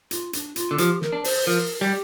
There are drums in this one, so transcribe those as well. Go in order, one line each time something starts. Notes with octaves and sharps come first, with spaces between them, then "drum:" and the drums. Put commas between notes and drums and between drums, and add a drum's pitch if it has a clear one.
F4, drum: hi-hat
D4, drum: hi-hat
F4, drum: hi-hat
D3
F3 G4, drum: hi-hat
A#4, drum: snare
D4
C5, drum: open hi-hat
F3 A#4
G3 G4